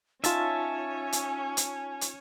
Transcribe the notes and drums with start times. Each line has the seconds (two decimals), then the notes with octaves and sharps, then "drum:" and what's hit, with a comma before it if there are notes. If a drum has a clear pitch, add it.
0.24 C#4 D#4 F4 C#5 E5 G#5 A5, drum: hi-hat
1.12 drum: hi-hat
1.57 drum: hi-hat
2.01 drum: hi-hat